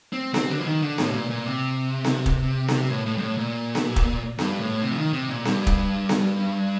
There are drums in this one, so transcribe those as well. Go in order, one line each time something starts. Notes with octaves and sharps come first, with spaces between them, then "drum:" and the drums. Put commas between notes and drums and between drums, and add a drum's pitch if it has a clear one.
C4
C4, drum: snare B3
D3
F3
D#3
D3
A2, drum: snare B3
C3
A#2
A#2
C3
drum: snare B3
drum: kick
drum: snare B3
A2
A2
G2
A2
A#2
drum: snare B3
drum: kick
G2, drum: snare B3
A2
C3
F3
D#3
C3
A#2
G2, drum: snare B3
drum: kick
drum: snare B3